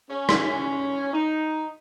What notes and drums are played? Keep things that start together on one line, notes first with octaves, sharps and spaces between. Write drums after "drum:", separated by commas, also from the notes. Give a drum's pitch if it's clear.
C#4
drum: rim click
D#4